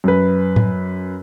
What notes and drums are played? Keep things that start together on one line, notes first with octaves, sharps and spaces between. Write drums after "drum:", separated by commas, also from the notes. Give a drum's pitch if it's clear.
F#2 B4
drum: tom A2